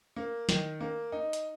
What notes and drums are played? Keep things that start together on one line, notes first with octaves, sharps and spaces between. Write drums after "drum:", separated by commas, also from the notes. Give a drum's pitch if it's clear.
A#3
D#3, drum: snare
A#3
D#4
drum: hi-hat